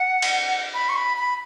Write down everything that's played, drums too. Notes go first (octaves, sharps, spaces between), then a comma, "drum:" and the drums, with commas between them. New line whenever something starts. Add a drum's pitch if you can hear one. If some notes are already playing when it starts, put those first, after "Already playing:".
Already playing: F#5
drum: cymbal
B5
C#6
B5
B5